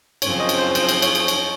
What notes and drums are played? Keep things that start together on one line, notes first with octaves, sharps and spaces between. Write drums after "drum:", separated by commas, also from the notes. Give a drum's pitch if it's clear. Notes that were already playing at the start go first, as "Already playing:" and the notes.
F#2 C#3 F3 C4 C#5, drum: cymbal
D#5
drum: cymbal
C5
C5, drum: cymbal
drum: cymbal
C#5, drum: cymbal
drum: cymbal
drum: cymbal